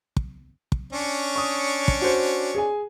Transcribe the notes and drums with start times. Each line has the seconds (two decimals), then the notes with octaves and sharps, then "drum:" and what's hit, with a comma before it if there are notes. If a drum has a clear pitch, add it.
0.17 drum: kick
0.72 drum: kick
0.93 C#4 D4 C#5
1.36 C#6 D#6
1.88 drum: kick
2.02 F#4 C5
2.55 G#4 G#5